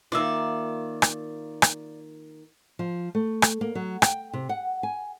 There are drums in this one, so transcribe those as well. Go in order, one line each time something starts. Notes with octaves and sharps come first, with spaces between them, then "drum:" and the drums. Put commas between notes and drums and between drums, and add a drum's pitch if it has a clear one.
D#3 A#3 F4 D5 E5
drum: rim click
drum: rim click
F3
A3
drum: rim click
A#3
F#3
G5, drum: rim click
C3
F#5
G#5